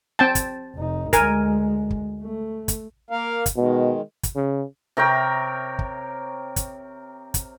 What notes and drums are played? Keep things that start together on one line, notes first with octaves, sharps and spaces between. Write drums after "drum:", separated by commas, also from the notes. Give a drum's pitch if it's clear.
C4 G5 A5
drum: kick, hi-hat
F1 D#4
D2 G#3 A#4 G#5, drum: kick, hi-hat
drum: kick
A3
drum: kick, hi-hat
A#3 A#4 F5
drum: kick, hi-hat
B2 D#3 G#3
drum: kick, hi-hat
C#3
C3 A#4 C#5 G5
drum: kick
drum: kick, hi-hat
drum: kick, hi-hat